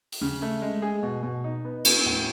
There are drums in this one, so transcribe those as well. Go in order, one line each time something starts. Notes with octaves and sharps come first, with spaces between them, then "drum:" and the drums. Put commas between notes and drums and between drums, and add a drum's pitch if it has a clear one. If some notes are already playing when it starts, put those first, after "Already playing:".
drum: open hi-hat
C#3
A3
G#3
G#4
B2
B2
D#4
B3
B3, drum: cymbal
A2